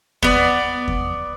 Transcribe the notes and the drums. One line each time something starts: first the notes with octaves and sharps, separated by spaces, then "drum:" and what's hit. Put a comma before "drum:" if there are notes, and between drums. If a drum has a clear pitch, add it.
B3 D5, drum: kick E2
drum: kick E2